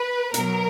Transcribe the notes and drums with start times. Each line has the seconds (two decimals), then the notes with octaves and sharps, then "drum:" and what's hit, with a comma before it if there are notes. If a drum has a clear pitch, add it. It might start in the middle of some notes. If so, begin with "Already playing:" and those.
Already playing: B4
0.34 B2 F#3 A#4, drum: hi-hat